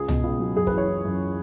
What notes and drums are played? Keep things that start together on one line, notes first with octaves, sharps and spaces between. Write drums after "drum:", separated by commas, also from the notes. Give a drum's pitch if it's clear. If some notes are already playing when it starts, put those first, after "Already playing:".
Already playing: C#2 G#4
B2, drum: tom C2
C#2
F#3
F#2 G#4
B4, drum: kick
E3 C#5
E3
F#2